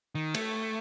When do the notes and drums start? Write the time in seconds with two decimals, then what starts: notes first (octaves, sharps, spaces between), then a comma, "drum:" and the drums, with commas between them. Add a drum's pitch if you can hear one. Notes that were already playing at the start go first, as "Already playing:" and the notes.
0.15 D#3
0.34 A3, drum: cymbal